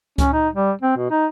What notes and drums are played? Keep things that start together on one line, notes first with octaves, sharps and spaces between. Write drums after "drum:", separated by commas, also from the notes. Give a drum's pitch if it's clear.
C#4, drum: kick C#2, hi-hat
D#4
G3
C4
B2
D#4